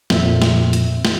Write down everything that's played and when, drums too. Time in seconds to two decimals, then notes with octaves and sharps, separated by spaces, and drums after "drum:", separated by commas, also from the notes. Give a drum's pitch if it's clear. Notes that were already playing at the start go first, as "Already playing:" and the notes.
0.10 F2 A#2 E5, drum: snare
0.42 drum: snare
0.73 drum: hi-hat
1.05 drum: snare